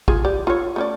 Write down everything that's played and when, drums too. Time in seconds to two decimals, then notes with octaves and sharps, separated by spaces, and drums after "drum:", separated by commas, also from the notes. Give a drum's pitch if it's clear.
0.08 F4 G#4, drum: kick
0.25 G4 D5
0.47 F4 A4 C#5
0.76 A3 C#4 D5